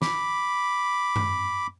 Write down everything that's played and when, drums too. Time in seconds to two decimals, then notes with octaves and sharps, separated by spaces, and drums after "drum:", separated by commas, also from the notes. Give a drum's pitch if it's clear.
0.02 B5 D6, drum: snare
1.16 drum: tom F#2